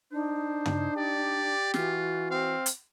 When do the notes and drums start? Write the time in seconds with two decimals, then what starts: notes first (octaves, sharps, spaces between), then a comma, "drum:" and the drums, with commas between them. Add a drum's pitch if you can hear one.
0.12 D4 D#4 C5
0.66 drum: tom
0.97 G4 D5
1.74 E3 F4 F#4, drum: snare
2.31 C4 F5
2.66 drum: hi-hat